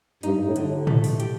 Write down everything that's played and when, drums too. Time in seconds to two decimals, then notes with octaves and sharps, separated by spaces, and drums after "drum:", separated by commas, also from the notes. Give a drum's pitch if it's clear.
0.23 G2 D#4, drum: hi-hat
0.45 A2
0.56 D3, drum: hi-hat
0.66 A2
0.87 A3, drum: tom A2
1.04 drum: open hi-hat
1.20 G4, drum: hi-hat